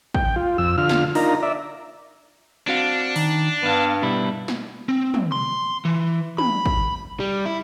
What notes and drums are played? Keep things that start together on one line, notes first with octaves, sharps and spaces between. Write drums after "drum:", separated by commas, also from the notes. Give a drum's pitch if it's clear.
G5, drum: kick
F4
F2 E6
D3 F4 F6
drum: snare
D4 D#4 F4 A#4 A#5, drum: open hi-hat
D5 E5
C4 D4 F#4 F5
D#3, drum: open hi-hat
G2 B3 F5
B2 G3 E4
drum: snare
C4
drum: tom
C6
E3
B5, drum: tom
drum: kick
G3
E4